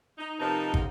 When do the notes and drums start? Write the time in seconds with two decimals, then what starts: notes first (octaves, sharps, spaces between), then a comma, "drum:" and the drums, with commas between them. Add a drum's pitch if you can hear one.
0.18 D#4
0.40 C3 F3 D#4 A#4 B4 A5
0.74 F2 C#3 B3, drum: kick